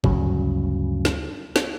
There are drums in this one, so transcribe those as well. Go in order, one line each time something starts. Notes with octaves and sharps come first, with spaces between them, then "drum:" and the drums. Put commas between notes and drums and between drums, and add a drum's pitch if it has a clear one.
D2 G2 C#3 F#3, drum: kick
drum: snare
drum: snare